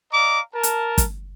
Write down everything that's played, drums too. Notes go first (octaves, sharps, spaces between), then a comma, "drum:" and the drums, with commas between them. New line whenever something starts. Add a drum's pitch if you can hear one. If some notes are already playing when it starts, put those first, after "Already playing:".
D5 D#5 F5 A#5 D6
A#4 A5
drum: hi-hat
drum: kick G1, hi-hat